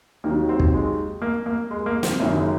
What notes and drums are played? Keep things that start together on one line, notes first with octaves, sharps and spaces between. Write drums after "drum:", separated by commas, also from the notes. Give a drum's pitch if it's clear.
D#2 D#3 F#3 A#3
C4
drum: kick
G#3
A#3
A#3
G#3
A#3
C4, drum: snare
F#1 F#2 D#3 A#3
G#3